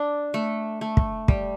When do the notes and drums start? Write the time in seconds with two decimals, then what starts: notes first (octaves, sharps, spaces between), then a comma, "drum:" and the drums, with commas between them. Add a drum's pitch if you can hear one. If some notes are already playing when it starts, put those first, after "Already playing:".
Already playing: D4
0.34 A3
0.81 A3
0.97 drum: kick
1.28 G3, drum: kick